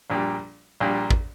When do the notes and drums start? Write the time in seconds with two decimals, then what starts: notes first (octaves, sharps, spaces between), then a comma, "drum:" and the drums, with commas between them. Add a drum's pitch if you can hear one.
0.10 A#1 A#2 G3
0.80 A#1 A#2 G3
1.10 drum: kick